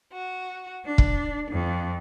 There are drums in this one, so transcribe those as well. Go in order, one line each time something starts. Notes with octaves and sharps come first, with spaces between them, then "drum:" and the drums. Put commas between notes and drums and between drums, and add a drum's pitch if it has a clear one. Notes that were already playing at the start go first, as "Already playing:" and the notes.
F#4
D4
drum: kick
F2